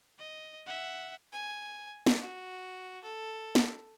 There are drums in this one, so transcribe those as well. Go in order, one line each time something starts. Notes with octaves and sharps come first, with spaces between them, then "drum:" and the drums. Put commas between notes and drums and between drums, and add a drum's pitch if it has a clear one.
D#5
E5 F#5
G#5
drum: snare
F#4
A4
drum: snare